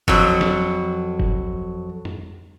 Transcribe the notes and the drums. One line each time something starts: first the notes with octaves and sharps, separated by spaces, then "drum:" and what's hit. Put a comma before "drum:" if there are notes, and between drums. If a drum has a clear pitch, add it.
F2 F#3, drum: kick F#1
drum: snare
drum: kick F#1
drum: tom F2